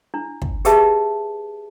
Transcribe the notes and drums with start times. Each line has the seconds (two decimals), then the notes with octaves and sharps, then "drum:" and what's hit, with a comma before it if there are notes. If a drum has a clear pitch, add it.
0.14 D4 E4
0.42 drum: kick
0.65 G4 G#4 B4 E5 A5, drum: hi-hat